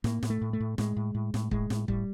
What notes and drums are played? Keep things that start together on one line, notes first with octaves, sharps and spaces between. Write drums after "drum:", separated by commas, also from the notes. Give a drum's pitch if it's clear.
A2 A#3, drum: snare
A2, drum: snare
A3
A2
A3
A2
A2 G#3, drum: snare
A2
A2
A2, drum: snare
A2 G#3, drum: kick
A2, drum: snare
A2 G3, drum: kick